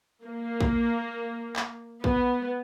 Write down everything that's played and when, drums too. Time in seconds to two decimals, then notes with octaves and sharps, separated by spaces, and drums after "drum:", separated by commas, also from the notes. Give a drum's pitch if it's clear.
0.24 A#3
0.60 drum: kick A#1
1.56 drum: clap
2.04 B3, drum: kick A#1